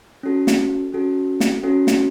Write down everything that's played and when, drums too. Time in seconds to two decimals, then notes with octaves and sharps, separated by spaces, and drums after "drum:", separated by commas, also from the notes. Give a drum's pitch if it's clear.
0.23 C#4 F#4 A4
0.47 drum: snare
0.93 C#4 F#4 A4
1.40 drum: snare
1.64 C#4 F#4 A4
1.87 drum: snare